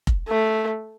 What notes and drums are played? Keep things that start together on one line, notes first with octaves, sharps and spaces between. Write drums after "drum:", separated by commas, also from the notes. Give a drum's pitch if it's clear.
drum: kick F1
A3